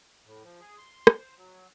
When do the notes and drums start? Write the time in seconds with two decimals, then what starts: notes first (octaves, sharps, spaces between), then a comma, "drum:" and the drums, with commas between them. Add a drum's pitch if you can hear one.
0.25 A2
0.43 F3
0.60 G#4
0.78 C6
1.07 drum: rim click
1.18 C5
1.37 F#3